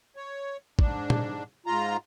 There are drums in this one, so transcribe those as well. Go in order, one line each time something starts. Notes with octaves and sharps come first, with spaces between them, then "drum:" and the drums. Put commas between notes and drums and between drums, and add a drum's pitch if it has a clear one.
C#5
G#2 D4, drum: kick
drum: tom
G#2 F4 A#5